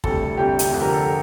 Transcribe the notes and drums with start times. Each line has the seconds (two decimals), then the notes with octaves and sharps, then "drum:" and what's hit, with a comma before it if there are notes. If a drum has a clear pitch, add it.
0.04 D2 C3 G3 A4, drum: kick
0.37 D2 C3 G3 G4
0.59 drum: hi-hat
0.70 F1 F2 D3
0.81 G4 A#4
0.92 A4